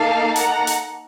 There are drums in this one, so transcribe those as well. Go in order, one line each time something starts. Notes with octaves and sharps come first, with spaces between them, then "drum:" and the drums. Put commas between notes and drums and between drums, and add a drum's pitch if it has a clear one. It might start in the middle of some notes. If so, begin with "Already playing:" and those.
Already playing: A#3 D#4 A4 F5 A5
F#5 A#5, drum: hi-hat
drum: hi-hat